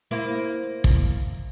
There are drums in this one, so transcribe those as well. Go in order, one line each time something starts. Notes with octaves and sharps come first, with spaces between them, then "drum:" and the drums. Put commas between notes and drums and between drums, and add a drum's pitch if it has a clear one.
A#3 E4 C5
drum: kick